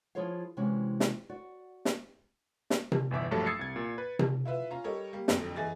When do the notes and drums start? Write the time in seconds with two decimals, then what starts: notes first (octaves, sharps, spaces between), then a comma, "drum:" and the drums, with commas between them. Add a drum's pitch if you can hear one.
0.15 F3 E4 F4 G#4 C#5 F5
0.57 C3 E3 G#3 C#4 F#4
1.00 drum: snare
1.30 F#4 D5
1.85 drum: snare
2.70 drum: snare
2.92 drum: tom C3
3.11 G1 E2 E5 D6
3.31 A#1 G2 F#3 A3 A4 C#5
3.46 D#6 E6 G#6 A6 C7 C#7
3.59 C2 G#6
3.76 A#2
3.98 B4
4.19 drum: tom C3
4.45 E4 F4 B4 E5
4.71 C#4 F4 A#5
4.84 G3 A4 A#4 C#5 D#5
5.13 G3 A#3
5.28 A#1 F2 D3 F#3, drum: snare
5.56 F#2 E3 G#4 D#5 G#5 A6